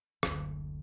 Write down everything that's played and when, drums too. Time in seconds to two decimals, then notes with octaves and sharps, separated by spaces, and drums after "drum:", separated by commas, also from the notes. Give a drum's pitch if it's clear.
0.23 F#1 D2, drum: rim click